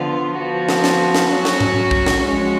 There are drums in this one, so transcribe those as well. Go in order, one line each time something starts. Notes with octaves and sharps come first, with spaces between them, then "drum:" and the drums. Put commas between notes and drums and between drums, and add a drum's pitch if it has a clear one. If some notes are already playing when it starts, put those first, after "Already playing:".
Already playing: D3 F3 B3 F4
F3 B3 F#4
drum: snare
drum: snare
drum: snare
F#3 C#4 F#4
drum: snare
drum: tom G#2
drum: kick
drum: snare
F3 G#3 C#4 F#4